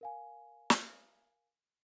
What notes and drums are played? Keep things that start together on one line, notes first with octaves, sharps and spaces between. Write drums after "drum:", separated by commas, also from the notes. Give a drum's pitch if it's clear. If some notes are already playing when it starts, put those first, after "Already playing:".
A#4 F5 G#5
drum: snare